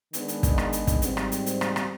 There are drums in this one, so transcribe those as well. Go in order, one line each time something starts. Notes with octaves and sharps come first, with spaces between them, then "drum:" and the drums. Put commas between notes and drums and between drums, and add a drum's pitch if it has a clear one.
D#3 G#3 B3 D4, drum: hi-hat
drum: hi-hat
drum: kick, hi-hat
drum: rim click
drum: hi-hat
drum: kick, hi-hat
G#2 G3 C4, drum: hi-hat
drum: rim click
drum: hi-hat
drum: hi-hat
drum: rim click
drum: rim click